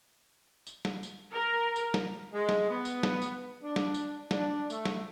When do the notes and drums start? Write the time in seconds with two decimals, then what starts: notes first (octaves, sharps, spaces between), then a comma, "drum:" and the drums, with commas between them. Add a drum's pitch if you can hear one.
0.67 drum: tambourine
0.85 drum: snare
1.03 drum: tambourine
1.32 A#4
1.76 drum: tambourine
1.94 drum: snare
2.33 G#3
2.49 drum: snare
2.70 B3
2.85 drum: tambourine
3.03 drum: snare
3.22 drum: tambourine
3.63 D4
3.76 drum: snare
3.94 drum: tambourine
4.31 D4, drum: snare
4.70 A3, drum: tambourine
4.85 drum: snare